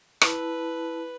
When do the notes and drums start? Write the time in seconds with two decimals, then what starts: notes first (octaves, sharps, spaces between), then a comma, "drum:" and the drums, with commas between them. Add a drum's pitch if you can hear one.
0.21 E4 B4 A5, drum: rim click